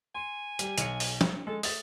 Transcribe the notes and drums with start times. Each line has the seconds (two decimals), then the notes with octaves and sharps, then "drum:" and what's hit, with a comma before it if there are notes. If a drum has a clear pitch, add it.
0.15 G#5 C6
0.59 G3 G4, drum: hi-hat
0.78 B1 C#7, drum: hi-hat
1.00 drum: open hi-hat
1.21 drum: snare
1.47 G#3 A4
1.63 A3 D#6 A6, drum: open hi-hat